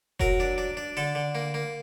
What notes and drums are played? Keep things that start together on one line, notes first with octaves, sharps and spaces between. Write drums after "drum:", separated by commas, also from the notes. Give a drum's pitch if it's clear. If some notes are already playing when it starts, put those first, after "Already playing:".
F#3 A#4, drum: kick F1
D4
D4
D4
D3 A4
D3
A#3
A#3